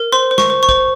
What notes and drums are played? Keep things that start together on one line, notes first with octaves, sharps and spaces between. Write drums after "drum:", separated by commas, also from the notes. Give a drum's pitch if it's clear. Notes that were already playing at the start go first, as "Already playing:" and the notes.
Already playing: A#4
C5 C6
C5
C#6, drum: snare
C5
C#6
C5, drum: kick